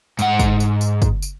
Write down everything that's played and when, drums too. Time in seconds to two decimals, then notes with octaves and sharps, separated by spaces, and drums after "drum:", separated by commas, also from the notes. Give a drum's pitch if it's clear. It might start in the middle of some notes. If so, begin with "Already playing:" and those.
0.19 G#2 F#5, drum: tambourine
0.39 drum: kick, tambourine
0.60 drum: tambourine
0.81 drum: tambourine
1.02 drum: kick, tambourine
1.22 drum: tambourine